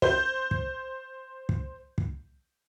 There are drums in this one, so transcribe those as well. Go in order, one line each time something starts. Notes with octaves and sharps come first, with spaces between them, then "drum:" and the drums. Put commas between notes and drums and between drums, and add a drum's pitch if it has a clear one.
C5 G6, drum: kick
drum: kick
drum: kick
drum: kick